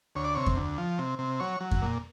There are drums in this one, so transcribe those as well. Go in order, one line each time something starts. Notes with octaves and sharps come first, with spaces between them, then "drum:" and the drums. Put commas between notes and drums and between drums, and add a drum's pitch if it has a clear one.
D2 C#5
D5
C3 C#5
drum: kick F2
D2
F3
C3
C3
F#3 C#5
F#3
drum: kick F2
A#2